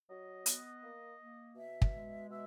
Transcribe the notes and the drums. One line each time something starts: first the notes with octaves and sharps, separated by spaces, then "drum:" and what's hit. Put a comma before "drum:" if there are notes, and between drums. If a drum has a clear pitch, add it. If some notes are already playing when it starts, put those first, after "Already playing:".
F#3 D#5
B3, drum: hi-hat
A#3
A#3
B2 E5
drum: kick
G#3
B2 E5